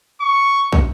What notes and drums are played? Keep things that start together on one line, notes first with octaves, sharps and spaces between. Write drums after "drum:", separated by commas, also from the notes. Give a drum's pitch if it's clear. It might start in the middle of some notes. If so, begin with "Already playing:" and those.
C#6
drum: kick